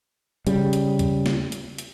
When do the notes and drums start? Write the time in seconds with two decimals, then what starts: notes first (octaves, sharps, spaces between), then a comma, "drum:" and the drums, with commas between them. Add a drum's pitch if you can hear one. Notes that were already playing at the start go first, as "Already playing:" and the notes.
0.47 C#3 G3, drum: hi-hat
0.73 drum: hi-hat
0.99 drum: kick C#2, hi-hat
1.26 drum: snare
1.52 drum: hi-hat
1.78 drum: hi-hat